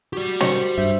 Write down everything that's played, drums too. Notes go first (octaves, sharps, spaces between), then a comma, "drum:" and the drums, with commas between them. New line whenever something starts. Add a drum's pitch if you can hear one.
F#4 G4 D5
D#3 F#4 C5 C#5 C#7, drum: snare
G2 C5 E5